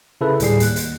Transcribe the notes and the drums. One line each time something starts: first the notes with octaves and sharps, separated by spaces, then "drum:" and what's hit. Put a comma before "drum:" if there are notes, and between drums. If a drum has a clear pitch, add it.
C#3 E4 A4 B4
D2 A2 G3 G#4 C7, drum: hi-hat
D#2 F#6, drum: hi-hat
drum: hi-hat